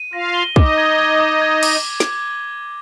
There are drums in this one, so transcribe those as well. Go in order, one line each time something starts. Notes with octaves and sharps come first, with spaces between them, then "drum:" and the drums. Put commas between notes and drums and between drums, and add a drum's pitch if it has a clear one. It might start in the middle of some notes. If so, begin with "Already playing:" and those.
Already playing: D#7
F4 F5 A#6
G7
D#4 D#5 D6, drum: kick
G#6
G#6
D6
G#6
D6, drum: cymbal
drum: snare